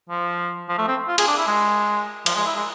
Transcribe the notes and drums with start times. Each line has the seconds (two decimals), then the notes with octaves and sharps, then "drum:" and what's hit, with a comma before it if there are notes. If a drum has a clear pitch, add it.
0.09 F3
0.69 F3
0.78 A3
0.88 C4
1.08 F4
1.18 G#4, drum: cymbal
1.27 D4
1.38 E4
1.47 G#3
2.26 F3, drum: cymbal
2.35 G#3
2.46 E4
2.55 G#3